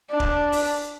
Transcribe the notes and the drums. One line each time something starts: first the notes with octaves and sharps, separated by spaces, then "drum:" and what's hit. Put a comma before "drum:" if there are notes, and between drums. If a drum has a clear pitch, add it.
D4
drum: kick
drum: open hi-hat